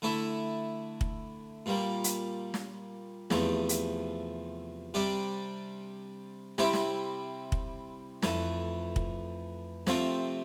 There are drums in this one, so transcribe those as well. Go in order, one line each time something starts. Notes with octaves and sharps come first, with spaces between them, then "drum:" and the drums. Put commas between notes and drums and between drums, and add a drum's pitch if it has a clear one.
D3 A3 E4 A4
drum: kick
A#2 G3 A#3
drum: hi-hat
drum: snare
E2 C3 F3 A3, drum: snare
drum: hi-hat
C3 G3 D4 G4 D5
C3 G3 C4 E4 G4, drum: snare
drum: snare
drum: kick
F2 E3 A3, drum: snare
drum: kick
C3 F3 A3 C4 F4, drum: snare